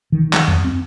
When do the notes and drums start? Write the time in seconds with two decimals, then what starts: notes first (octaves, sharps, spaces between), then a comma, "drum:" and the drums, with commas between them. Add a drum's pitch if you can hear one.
0.12 D#3
0.33 G3, drum: clap
0.48 F2
0.64 C4